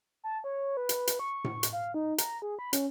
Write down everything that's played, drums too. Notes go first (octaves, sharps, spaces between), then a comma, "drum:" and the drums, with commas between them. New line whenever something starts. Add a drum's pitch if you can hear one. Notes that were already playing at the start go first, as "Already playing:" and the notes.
A5
C#5
B4
drum: hi-hat
drum: hi-hat
C#6
drum: tom A2
drum: hi-hat
F5
D#4
A#5, drum: hi-hat
G#4
B5
C#4, drum: hi-hat